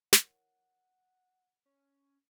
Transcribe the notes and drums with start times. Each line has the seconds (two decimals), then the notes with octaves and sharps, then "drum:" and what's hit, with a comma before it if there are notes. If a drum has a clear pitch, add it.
0.13 E3 A#4 C#5 F#5, drum: snare
1.65 C#4